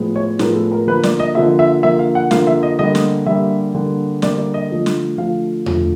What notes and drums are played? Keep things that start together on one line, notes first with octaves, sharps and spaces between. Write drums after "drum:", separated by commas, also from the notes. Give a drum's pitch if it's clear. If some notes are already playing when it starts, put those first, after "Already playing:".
Already playing: A2 F3 G#3 B3
C#5
A2 F3 G#3 B3 A#4, drum: snare
A4
A#4
D3 F3 A#3 B4
D5, drum: snare
D#5
D3 F3 A#3 E5
E5
D3 F3 A#3 E5
F5
F#5
D3 F3 A#3 F5, drum: snare
E5
D#5
D3 G3 A#3 D#5
drum: snare
D3 G3 A#3 E5
D3 G3 A#3
D3 G3 A#3 D5, drum: snare
D5
D#5
D3 F3 A3
drum: snare
D3 F3 A3 F5
D3 F3 A3, drum: tom E2